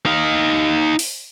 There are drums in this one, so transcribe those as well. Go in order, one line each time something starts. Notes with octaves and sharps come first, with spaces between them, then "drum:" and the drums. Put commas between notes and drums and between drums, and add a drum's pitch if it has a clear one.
D#4 F5
drum: open hi-hat